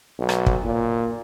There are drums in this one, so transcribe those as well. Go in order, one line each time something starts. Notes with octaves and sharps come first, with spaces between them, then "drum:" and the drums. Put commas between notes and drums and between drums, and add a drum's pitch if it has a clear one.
B1
drum: rim click
drum: kick
A#2